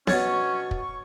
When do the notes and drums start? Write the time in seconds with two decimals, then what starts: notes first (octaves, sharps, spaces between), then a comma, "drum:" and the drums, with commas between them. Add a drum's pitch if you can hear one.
0.07 B2 C#4 D4 C#5 A5 C#6 G#6, drum: snare B3
0.71 drum: kick